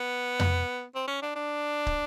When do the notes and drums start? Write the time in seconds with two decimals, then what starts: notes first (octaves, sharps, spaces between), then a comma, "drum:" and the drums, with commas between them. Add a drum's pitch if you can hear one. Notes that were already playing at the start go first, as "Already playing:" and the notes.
Already playing: B3
0.40 drum: tom F2
0.95 C4
1.08 C#4
1.22 D4
1.35 D4
1.87 drum: kick